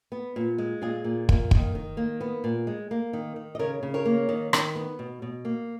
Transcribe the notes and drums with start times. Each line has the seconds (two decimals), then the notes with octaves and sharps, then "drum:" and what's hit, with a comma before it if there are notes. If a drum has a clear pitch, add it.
0.12 B3
0.36 A#2
0.58 G#3
0.81 A#2 F4 G#4
1.04 A#2
1.29 A#3, drum: kick
1.51 D#3, drum: kick
1.75 D#3
1.97 A#3
2.21 B3
2.44 A#2
2.67 G#3
2.91 A#3
3.13 D#3
3.36 D#3
3.55 D#5
3.59 C#3 A#4 C#5
3.83 C#3
3.94 A#4 C#5
4.06 A#3
4.29 D#3
4.53 D#3, drum: rim click
4.76 B3
4.99 B2
5.22 B2
5.45 A#3